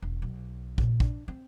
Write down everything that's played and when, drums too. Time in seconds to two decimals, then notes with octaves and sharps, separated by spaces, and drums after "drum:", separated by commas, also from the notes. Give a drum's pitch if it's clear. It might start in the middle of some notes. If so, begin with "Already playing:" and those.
0.02 E1
0.22 B1
0.78 A#2 C#3, drum: kick
1.00 D4, drum: kick
1.28 C4